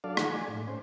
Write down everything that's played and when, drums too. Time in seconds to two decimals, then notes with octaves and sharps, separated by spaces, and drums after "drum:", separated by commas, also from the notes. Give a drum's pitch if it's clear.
0.04 F#3 D4 A4 D5 F5
0.17 D#3 F3 A3 D#4 F#5, drum: rim click
0.30 D5 G#5
0.48 A2
0.68 C#4 C5